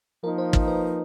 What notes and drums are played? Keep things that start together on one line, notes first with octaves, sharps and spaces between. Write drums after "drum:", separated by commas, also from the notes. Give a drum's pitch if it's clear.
F3 A#3 D#4 A#4
C5
C5, drum: kick
B4